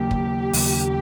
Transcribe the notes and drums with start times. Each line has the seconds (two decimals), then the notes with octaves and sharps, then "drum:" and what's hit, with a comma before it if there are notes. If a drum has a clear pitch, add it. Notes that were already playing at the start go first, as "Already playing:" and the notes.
Already playing: D#2 C#3 F#3 A#3 G4
0.11 drum: kick
0.53 D#2 C#3 F#3 A#3, drum: open hi-hat